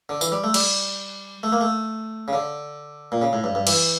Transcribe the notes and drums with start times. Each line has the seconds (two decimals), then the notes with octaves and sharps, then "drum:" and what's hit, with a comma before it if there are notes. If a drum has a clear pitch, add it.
0.09 D3
0.21 E3, drum: tambourine
0.32 G3
0.44 A3
0.54 G3, drum: cymbal
1.43 A3
1.52 A#3
1.61 A3
2.28 C#3
2.33 D3
3.12 A#2
3.22 C#3
3.33 A2
3.44 G2
3.55 G2
3.67 E3, drum: cymbal